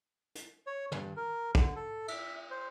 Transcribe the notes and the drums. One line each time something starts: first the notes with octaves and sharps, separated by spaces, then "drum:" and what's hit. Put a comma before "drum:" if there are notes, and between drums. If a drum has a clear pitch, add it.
drum: hi-hat
C#5
G2, drum: tom
A#4
D3, drum: kick
A4
E5, drum: cymbal
C5